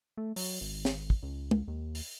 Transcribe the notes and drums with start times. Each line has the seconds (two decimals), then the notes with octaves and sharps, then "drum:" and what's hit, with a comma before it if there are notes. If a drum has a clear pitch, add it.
0.17 A3
0.36 F#3, drum: open hi-hat
0.61 G#1
0.85 drum: snare
1.10 drum: kick
1.23 C#2
1.51 drum: tom
1.68 D#2
1.95 drum: open hi-hat